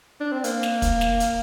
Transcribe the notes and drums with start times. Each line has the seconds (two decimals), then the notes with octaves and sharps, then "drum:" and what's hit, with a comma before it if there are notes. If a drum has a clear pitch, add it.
0.20 D4
0.32 C4
0.44 A#3, drum: hi-hat
0.63 drum: snare
0.82 drum: kick, hi-hat
1.01 drum: snare
1.20 drum: hi-hat